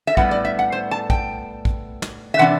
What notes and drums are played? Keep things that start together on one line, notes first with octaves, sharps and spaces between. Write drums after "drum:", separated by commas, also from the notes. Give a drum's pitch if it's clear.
E5
A2 G3 B3 F#5, drum: kick
D5
E5
F#5
C5
A5
G5, drum: kick
drum: kick
drum: snare
E5
C3 E3 D4 F#5